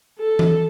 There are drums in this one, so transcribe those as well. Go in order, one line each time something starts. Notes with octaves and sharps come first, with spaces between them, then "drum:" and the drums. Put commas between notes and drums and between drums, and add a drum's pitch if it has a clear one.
A4
drum: tom E3